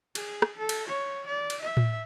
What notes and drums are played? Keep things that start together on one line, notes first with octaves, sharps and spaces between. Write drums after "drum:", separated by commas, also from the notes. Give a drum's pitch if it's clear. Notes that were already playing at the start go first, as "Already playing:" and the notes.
G#4, drum: cymbal
drum: rim click
A4
drum: cymbal
C#5
D5
drum: cymbal
E5
drum: tom A2